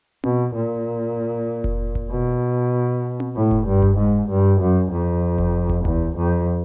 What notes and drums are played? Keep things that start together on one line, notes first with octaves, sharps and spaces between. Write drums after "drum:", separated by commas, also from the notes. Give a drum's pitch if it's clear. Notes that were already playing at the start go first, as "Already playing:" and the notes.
B2, drum: tom C4
A#2
drum: kick F1
drum: kick F1
B2
drum: tom C4
A2
drum: kick F1
G2
drum: kick F1
G#2
G2
F#2
F2
drum: kick F1
drum: kick F1
E2, drum: tom D2
F2